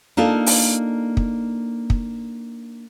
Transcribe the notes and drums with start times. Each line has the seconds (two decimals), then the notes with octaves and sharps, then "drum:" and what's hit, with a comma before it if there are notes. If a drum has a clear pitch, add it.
0.17 A#3 D4 D#4 F4 A4
0.46 drum: open hi-hat
1.17 drum: kick
1.90 drum: kick